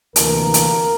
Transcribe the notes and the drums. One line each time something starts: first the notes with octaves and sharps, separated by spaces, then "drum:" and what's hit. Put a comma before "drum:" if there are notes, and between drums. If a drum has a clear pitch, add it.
D2 C3 E3 A#3 A#4, drum: hi-hat
drum: hi-hat